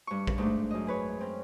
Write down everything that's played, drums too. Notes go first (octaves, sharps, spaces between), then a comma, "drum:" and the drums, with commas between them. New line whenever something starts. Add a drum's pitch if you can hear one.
G2 C#6
drum: kick A#1
G#2 A3 D4
F#2 D#5
G#4 B4 C#5
C4 C#4